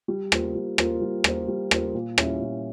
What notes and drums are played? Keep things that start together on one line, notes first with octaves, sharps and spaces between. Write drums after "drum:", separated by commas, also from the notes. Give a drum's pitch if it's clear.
G3
A#3 F4 C5, drum: rim click
G3
A#3 F4 C5, drum: rim click
G3
A#3 F4 C5, drum: rim click
G3
A#3 F4 C5, drum: rim click
A#2
G3 C#4 E4, drum: rim click
A#2